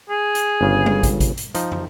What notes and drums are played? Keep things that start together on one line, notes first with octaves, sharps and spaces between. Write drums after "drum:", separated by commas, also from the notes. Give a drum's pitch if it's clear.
G#4
drum: hi-hat
G1 C#3
drum: tom G3
drum: kick, hi-hat
drum: kick, hi-hat
drum: hi-hat
F3 D#4, drum: hi-hat
drum: tom